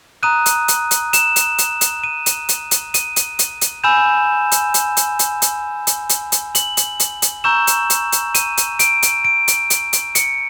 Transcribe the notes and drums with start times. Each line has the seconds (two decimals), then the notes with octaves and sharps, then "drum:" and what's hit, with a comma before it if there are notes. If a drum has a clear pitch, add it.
0.23 A#5 D#6 F#6 D#7
0.46 drum: hi-hat
0.68 drum: hi-hat
0.91 drum: hi-hat
1.13 E7, drum: hi-hat
1.36 drum: hi-hat
1.58 drum: hi-hat
1.81 drum: hi-hat
2.04 D#7
2.26 drum: hi-hat
2.49 drum: hi-hat
2.71 drum: hi-hat
2.94 D#7, drum: hi-hat
3.16 drum: hi-hat
3.39 drum: hi-hat
3.61 drum: hi-hat
3.84 G#5 B5 E6 G6 E7
4.52 drum: hi-hat
4.74 drum: hi-hat
4.97 drum: hi-hat
5.19 drum: hi-hat
5.42 drum: hi-hat
5.87 drum: hi-hat
6.09 drum: hi-hat
6.32 drum: hi-hat
6.55 F#7, drum: hi-hat
6.77 drum: hi-hat
7.00 drum: hi-hat
7.22 drum: hi-hat
7.44 A#5 C#6 E6 G6 E7
7.67 drum: hi-hat
7.90 drum: hi-hat
8.12 drum: hi-hat
8.35 D#7, drum: hi-hat
8.57 drum: hi-hat
8.79 D7, drum: hi-hat
9.02 drum: hi-hat
9.25 D7
9.48 drum: hi-hat
9.70 drum: hi-hat
9.93 drum: hi-hat
10.15 C#7, drum: hi-hat